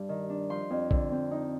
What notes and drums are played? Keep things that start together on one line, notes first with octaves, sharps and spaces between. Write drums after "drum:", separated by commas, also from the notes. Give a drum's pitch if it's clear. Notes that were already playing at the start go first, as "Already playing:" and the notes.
Already playing: G2 G3
D#3
D4
F3 C6
F2
D3, drum: kick
C4
D#4